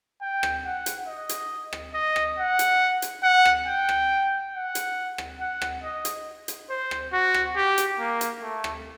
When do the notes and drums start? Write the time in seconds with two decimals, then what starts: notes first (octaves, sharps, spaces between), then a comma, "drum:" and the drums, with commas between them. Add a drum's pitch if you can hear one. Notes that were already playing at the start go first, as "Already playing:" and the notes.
0.21 G5
0.43 drum: rim click
0.65 F#5
0.86 drum: hi-hat
1.07 D#5
1.29 drum: hi-hat
1.73 drum: rim click
1.94 D#5
2.16 drum: rim click
2.38 F#5
2.59 drum: hi-hat
3.02 drum: hi-hat
3.23 F#5
3.45 drum: rim click
3.67 G5
3.89 drum: rim click
4.54 F#5
4.75 drum: hi-hat
5.18 drum: rim click
5.39 F#5
5.62 drum: rim click
5.83 D#5
6.05 drum: hi-hat
6.48 drum: hi-hat
6.70 C5
6.91 drum: rim click
7.13 F#4
7.34 drum: rim click
7.56 G4
7.78 drum: hi-hat
7.99 A#3
8.21 drum: hi-hat
8.42 A3
8.64 drum: rim click